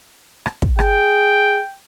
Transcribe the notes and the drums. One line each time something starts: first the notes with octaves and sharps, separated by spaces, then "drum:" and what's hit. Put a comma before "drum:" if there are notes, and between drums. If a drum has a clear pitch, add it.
drum: rim click
drum: kick
G#4 G5, drum: rim click